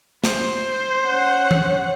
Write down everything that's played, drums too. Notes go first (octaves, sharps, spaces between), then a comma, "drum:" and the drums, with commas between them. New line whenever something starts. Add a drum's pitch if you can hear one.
C5, drum: snare
C#4 F#5
drum: tom E3